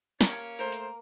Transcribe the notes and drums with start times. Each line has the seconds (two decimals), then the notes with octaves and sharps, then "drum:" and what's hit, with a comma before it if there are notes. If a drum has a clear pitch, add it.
0.21 A#3 C#4 C#5, drum: snare
0.59 A3 A#4 C5
0.72 drum: hi-hat